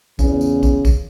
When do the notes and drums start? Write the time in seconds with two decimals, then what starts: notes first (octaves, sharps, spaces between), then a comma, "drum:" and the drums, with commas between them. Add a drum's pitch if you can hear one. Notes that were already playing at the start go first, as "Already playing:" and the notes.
0.19 E2 C#3, drum: kick, tambourine
0.41 drum: tambourine
0.63 drum: kick, tambourine
0.85 drum: kick, tambourine